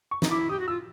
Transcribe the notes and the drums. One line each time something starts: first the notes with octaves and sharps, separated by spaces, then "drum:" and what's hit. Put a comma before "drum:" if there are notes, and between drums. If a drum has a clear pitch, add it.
C#6
D#4, drum: snare
E4 D6
G4 D#6
F#4
F4 E6